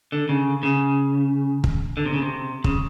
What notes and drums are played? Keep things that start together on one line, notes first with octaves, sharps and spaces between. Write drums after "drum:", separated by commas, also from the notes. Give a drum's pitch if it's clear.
D3
C#3
C#3
drum: kick
D3
C3
C#3
C3
C#3, drum: kick